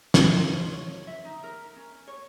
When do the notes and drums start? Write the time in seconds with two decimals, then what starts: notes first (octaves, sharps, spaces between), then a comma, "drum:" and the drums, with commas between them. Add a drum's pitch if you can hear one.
0.14 D#5, drum: snare
0.34 F4
0.72 C#5
1.07 E5
1.25 D#4
1.43 A#4
1.76 C#4
2.07 C#5